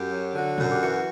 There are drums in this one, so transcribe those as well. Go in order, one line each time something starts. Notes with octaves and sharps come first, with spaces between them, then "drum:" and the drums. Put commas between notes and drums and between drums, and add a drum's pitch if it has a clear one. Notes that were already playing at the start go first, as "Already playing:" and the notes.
Already playing: F#2 G4
F#3
D3 F#4
F#2, drum: tom A#2
G4
E3 F#4